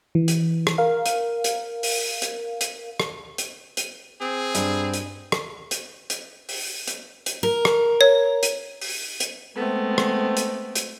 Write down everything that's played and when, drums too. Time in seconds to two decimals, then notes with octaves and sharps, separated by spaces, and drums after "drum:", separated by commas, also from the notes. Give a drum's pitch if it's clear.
0.15 E3
0.28 drum: hi-hat
0.67 drum: rim click
0.78 A#4 F5
1.06 drum: hi-hat
1.44 drum: hi-hat
1.83 drum: open hi-hat
2.22 drum: hi-hat
2.61 drum: hi-hat
3.00 drum: rim click
3.38 drum: hi-hat
3.77 drum: hi-hat
4.21 C4 G#4
4.55 G2, drum: hi-hat
4.94 drum: hi-hat
5.32 drum: rim click
5.71 drum: hi-hat
6.10 drum: hi-hat
6.49 drum: open hi-hat
6.88 drum: hi-hat
7.26 drum: hi-hat
7.43 A#4
7.65 drum: rim click
8.01 C#5
8.43 drum: hi-hat
8.81 drum: open hi-hat
9.20 drum: hi-hat
9.55 G#3 A3 B3 C4
9.98 drum: rim click
10.37 drum: hi-hat
10.75 drum: hi-hat